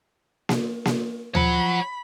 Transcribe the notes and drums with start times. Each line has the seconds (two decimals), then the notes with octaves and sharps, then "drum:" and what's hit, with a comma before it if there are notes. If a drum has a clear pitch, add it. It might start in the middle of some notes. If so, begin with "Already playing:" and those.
0.49 drum: snare A#3
0.85 drum: snare A#3
1.35 F3 C#5 F#5 B5, drum: tom D2